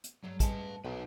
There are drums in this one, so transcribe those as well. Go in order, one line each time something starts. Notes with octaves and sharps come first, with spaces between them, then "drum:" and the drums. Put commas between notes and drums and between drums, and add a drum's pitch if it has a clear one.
drum: hi-hat
G2 F#3 G3 A3
G#3 B4 A5, drum: kick, hi-hat
B1 A#2 D#4 B4